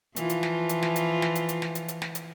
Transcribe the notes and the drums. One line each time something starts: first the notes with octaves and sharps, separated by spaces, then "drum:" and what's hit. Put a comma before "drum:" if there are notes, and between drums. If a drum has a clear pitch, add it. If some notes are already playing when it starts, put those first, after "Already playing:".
E3 F3 F4, drum: hi-hat
drum: hi-hat
drum: snare
drum: hi-hat
drum: snare
drum: hi-hat
drum: snare
drum: hi-hat
drum: hi-hat
drum: snare
drum: hi-hat
drum: hi-hat
drum: snare
drum: hi-hat